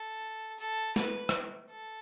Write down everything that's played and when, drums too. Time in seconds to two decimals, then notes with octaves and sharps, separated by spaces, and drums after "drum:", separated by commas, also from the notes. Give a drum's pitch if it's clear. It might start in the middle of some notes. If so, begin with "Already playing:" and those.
Already playing: A4
0.59 A4
0.96 B4, drum: snare
1.29 drum: rim click
1.70 A4